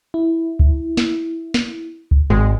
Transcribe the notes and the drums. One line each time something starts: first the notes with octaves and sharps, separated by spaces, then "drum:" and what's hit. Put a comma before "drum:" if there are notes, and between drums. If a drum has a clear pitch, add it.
E4
drum: kick C#2
drum: snare
drum: snare
drum: kick C#2
G#1 G#3